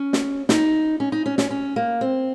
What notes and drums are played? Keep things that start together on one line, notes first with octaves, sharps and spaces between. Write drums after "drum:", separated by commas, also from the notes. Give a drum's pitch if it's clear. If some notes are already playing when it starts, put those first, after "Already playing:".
Already playing: C#4
drum: snare
D#4, drum: snare
C#4
D#4
C#4
C#4, drum: snare
C#4
A#3
C4